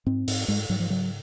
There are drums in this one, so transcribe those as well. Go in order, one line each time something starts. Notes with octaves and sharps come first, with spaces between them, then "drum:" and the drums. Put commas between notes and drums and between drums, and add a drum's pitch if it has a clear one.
G#2 C4
G#2, drum: open hi-hat
G#2 G#3
G#2 F#3
F3
C#3 F#3